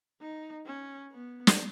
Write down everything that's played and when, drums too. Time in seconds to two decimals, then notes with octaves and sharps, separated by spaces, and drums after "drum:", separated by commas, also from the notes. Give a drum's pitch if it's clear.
0.21 D#4
0.66 C#4
1.12 B3
1.47 drum: snare